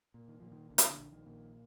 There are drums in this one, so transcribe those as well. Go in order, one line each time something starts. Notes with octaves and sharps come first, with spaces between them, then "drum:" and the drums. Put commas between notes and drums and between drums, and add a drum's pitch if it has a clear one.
A#2
D#3
A#2 F3
D#3
A#1 D3
D#3, drum: hi-hat
D3
A#1
D#3
A#2